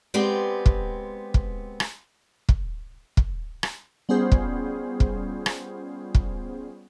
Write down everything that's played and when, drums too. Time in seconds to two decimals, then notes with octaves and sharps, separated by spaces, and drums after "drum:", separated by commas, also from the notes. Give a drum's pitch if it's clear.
0.14 G#3 B3 C4 G4 D5
0.66 drum: kick
1.34 drum: kick
1.80 drum: rim click
2.49 drum: kick
3.17 drum: kick
3.63 drum: rim click
4.09 G3 B3 C#4 F4 G#4 C5
4.32 drum: kick
5.00 drum: kick
5.46 drum: rim click
6.15 drum: kick